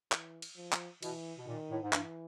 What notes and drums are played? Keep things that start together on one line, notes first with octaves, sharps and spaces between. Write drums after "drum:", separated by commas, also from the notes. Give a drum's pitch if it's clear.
E3, drum: clap
drum: cymbal
F3
drum: clap
B2 E3, drum: cymbal
B2
A#2 D#3
A2
G#2
G2 E3, drum: clap